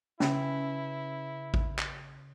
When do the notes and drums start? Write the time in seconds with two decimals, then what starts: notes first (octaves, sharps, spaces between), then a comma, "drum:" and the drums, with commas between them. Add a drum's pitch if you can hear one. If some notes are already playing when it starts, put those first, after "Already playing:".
0.20 C#3 C#4 E4 B4, drum: snare
1.54 drum: kick A1
1.79 drum: clap